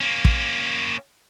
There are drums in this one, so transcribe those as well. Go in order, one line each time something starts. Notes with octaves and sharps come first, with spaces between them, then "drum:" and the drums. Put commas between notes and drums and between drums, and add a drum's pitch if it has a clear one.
A#3 C#4
drum: kick